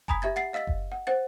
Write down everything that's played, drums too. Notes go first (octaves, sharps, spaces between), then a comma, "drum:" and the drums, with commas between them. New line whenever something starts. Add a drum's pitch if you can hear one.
G#5 A#5 B5 D#6 G#6 B6, drum: kick F#1
G4 E5 G#6 A6
F#5 A6 C7
D#5 F5 E6 A6 B6
drum: kick F#1
F#5
C5 F#5 A6